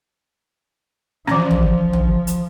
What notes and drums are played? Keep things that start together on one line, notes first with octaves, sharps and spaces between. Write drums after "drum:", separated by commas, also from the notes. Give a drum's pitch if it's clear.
E3 F3 C#4, drum: rim click
drum: tom
drum: tom
drum: hi-hat